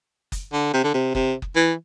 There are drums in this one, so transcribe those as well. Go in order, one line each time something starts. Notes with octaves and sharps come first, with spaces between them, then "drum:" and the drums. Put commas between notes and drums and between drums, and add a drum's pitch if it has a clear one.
drum: kick F#1, hi-hat
D3
C3
D3
C3
C3, drum: kick F#1
drum: kick F#1
E3